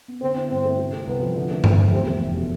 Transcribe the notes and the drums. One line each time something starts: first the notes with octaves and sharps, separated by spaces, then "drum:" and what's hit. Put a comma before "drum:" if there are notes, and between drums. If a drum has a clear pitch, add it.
B3
D3 C4
E4
G2 C4
A3
C3
A3
C2 B3
F3
D3
A3
F2 E3, drum: tom G2
F3
E2 C3
A3
F1
B2